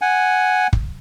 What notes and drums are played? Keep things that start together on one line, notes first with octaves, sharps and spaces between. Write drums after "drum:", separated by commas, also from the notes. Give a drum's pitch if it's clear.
F#5 G#5
drum: kick